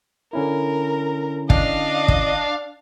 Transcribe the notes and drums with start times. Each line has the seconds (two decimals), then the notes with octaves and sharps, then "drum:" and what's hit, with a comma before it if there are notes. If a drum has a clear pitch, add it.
0.33 D3 C#4 E4 A#4
1.50 D4 D#5 F5, drum: kick
2.08 drum: kick